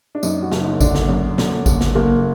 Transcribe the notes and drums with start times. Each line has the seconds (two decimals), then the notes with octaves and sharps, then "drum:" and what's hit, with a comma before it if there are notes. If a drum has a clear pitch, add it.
0.15 D4
0.23 F#2 D#4, drum: tambourine
0.42 F#4
0.52 F#1, drum: snare
0.61 D#4
0.81 D3 D4, drum: kick G#1, tambourine
0.95 drum: snare
1.09 F#2
1.38 D3, drum: snare
1.66 F#1, drum: kick G#1, tambourine
1.81 drum: snare
1.95 F#1 A#3